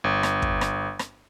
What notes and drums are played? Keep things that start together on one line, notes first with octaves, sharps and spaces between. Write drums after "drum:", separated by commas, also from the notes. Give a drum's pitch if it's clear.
G1
drum: rim click
drum: kick
drum: rim click
drum: rim click